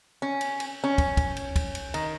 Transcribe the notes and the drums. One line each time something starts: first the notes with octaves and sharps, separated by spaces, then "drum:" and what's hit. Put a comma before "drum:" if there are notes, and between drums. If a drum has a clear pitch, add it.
C#4
drum: cymbal
drum: cymbal
C#4
drum: kick, cymbal
drum: kick, cymbal
drum: cymbal
drum: kick, cymbal
drum: cymbal
D#3, drum: cymbal